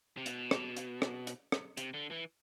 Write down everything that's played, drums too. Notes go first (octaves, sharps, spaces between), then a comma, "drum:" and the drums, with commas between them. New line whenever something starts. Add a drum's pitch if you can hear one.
C3
B2, drum: hi-hat
drum: rim click
drum: hi-hat
drum: rim click
drum: hi-hat
drum: rim click
C3, drum: hi-hat
D3
E3